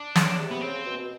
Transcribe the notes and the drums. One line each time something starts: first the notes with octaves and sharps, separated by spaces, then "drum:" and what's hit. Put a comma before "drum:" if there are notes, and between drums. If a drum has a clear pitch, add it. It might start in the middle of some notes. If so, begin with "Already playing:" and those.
Already playing: D4
C#3, drum: snare
C3
B3
C#3 C4
B2
B2